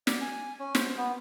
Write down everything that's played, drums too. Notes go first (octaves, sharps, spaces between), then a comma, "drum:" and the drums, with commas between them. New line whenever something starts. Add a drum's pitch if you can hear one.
D5, drum: snare
G#5
C#4
C5, drum: snare
B3